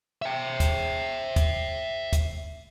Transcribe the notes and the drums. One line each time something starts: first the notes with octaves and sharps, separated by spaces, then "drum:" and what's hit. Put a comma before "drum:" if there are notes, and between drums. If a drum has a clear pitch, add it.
E5 G5
drum: kick, hi-hat
drum: kick, hi-hat
drum: kick, hi-hat